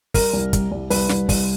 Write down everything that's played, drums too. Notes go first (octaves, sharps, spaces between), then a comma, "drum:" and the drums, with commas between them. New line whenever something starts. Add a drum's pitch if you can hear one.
G3 A#4, drum: kick, open hi-hat
C2
G3, drum: kick, hi-hat
C2
C2 B4, drum: open hi-hat
C2, drum: snare
C2, drum: kick, open hi-hat